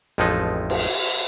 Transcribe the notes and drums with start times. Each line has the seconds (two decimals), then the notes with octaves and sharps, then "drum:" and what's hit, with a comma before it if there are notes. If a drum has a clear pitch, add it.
0.18 A1 F2 F3 G#3 A3 D#4
0.70 drum: cymbal